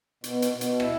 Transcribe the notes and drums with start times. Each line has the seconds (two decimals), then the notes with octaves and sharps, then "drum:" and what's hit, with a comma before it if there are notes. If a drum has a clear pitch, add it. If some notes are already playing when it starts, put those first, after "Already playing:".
0.24 B2, drum: hi-hat
0.42 drum: hi-hat
0.52 B2
0.61 drum: hi-hat
0.80 E4, drum: rim click